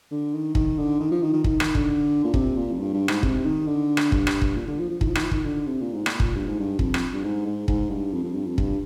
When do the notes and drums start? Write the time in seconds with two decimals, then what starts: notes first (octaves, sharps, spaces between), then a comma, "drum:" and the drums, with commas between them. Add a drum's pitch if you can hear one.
0.11 D3
0.34 D#3
0.55 D#3, drum: kick
0.78 D3
1.00 D#3
1.11 F3
1.23 D#3
1.33 D#3
1.44 D#3, drum: kick
1.60 D#3, drum: rim click
1.75 D3, drum: kick
2.24 A#2
2.34 C3, drum: kick
2.57 A#2
2.72 F2
2.79 G2
2.93 G2
3.08 G#2, drum: rim click
3.23 C3, drum: kick
3.45 D#3
3.67 D3
3.97 drum: rim click
4.12 G2, drum: kick
4.27 drum: rim click
4.42 drum: kick
4.56 A#2
4.67 D3
4.79 F3
4.90 F3
5.01 D#3, drum: kick
5.09 F3
5.15 D#3, drum: rim click
5.24 F3
5.31 D#3, drum: kick
5.45 D3
5.67 C3
5.81 A#2
5.94 G#2
6.06 A#2, drum: rim click
6.20 drum: kick
6.35 G2
6.47 G#2
6.59 G2
6.79 F2, drum: kick
6.94 drum: rim click
7.13 G2
7.24 G#2
7.46 G#2
7.68 G#2, drum: kick
7.90 G2
8.13 F2
8.23 F2
8.35 G2
8.47 F2
8.58 G2, drum: kick